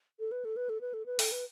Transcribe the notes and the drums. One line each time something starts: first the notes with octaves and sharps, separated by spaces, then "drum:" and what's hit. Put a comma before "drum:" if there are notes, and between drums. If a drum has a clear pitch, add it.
A4
B4
A4
B4
A4
B4
A4
B4
A4, drum: open hi-hat
B4